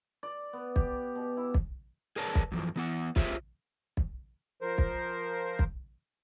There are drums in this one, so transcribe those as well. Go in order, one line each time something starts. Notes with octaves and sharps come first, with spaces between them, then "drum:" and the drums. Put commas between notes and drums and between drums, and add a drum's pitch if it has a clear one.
D5
B3
G4, drum: kick
B2
E4
drum: kick
G#4 A#4 B4 C#5 D5 A5
drum: kick
F#2 E3 F3
E3 B3 F#5
F4 G4 G#4 C5 C#5 E5, drum: kick
drum: kick
F3 A#4 C5
drum: kick
drum: kick